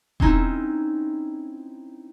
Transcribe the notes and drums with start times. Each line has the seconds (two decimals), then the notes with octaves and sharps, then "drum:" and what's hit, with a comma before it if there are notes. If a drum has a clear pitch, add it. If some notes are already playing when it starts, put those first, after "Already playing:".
0.20 C4 C#4 D#4 E4, drum: kick E1